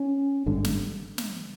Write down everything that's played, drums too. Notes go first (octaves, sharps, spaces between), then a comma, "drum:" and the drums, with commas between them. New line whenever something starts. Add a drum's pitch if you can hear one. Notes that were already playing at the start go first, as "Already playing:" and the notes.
Already playing: C#4
G#1 G2 D3
drum: snare
drum: snare